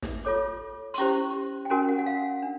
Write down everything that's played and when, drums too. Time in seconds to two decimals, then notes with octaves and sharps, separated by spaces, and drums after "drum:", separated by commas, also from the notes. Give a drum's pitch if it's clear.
0.03 drum: snare
0.25 F4 A4 C#5 D6
0.94 C6, drum: hi-hat
0.98 C#4 E4 G4 C5 C#6
1.65 G5
1.70 C#4 F#4 A#4 G#5
1.89 F#5
1.99 F#5
2.06 F5
2.42 D4